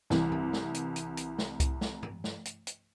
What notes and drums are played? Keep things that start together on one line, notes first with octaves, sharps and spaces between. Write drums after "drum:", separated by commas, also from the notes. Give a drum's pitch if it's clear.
C2 E3, drum: snare
drum: tom G2
drum: snare
drum: hi-hat
drum: hi-hat
drum: hi-hat
drum: snare
drum: kick C2, hi-hat
drum: snare
drum: tom G2
drum: snare
drum: hi-hat
drum: hi-hat